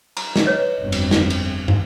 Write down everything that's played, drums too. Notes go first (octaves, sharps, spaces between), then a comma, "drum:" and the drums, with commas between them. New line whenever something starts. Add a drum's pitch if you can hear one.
A#5, drum: cymbal
drum: snare
B4 C#5 D#5
G1 F2
drum: cymbal
drum: snare
drum: cymbal
drum: tom